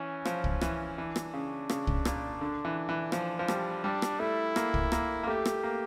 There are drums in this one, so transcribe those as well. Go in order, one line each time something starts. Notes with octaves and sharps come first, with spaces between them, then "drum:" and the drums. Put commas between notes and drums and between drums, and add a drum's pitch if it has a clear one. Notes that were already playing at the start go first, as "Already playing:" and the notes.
Already playing: E3 C#4
F3, drum: rim click
drum: kick
E3, drum: rim click
E3 D4
drum: rim click
C#3
C#3, drum: rim click
drum: kick
A#2, drum: rim click
D3
E3
E3
F3, drum: rim click
F3
G3, drum: rim click
G3 D4
drum: rim click
A3 E4
A#3, drum: rim click
drum: kick
A#3, drum: rim click
A#3
A3 G4
drum: rim click
A#3